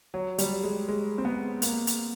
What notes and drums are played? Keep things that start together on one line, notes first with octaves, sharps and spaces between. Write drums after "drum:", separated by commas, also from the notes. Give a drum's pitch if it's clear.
F#3
G3, drum: hi-hat
G#3
G#3
C4
B3
A#3, drum: hi-hat
drum: hi-hat